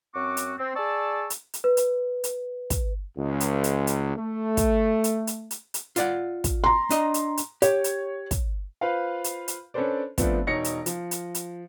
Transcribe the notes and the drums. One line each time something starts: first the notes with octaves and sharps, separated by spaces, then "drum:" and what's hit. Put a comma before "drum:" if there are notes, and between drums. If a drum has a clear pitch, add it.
F#2 C4 F#4 C#6 D6
drum: hi-hat
C4
G#4 D5 A5 C#6 E6
drum: hi-hat
drum: hi-hat
B4
drum: hi-hat
drum: hi-hat
drum: kick, hi-hat
C#2
drum: hi-hat
drum: hi-hat
drum: hi-hat
A3
drum: kick, hi-hat
drum: hi-hat
drum: hi-hat
drum: hi-hat
drum: hi-hat
F4 D5 F#5, drum: hi-hat
drum: kick, hi-hat
A#5 C6
D4 D#5, drum: hi-hat
drum: hi-hat
drum: hi-hat
G4 C#5, drum: hi-hat
drum: hi-hat
drum: kick, hi-hat
F4 B4 C5 F5
drum: hi-hat
drum: hi-hat
C#4 D4 A4 B4 C5 D5
F3 A3 B3 C4 D4 F4, drum: kick, hi-hat
E1 D#4 C#5 A#6 C#7
drum: hi-hat
F3, drum: hi-hat
drum: hi-hat
drum: hi-hat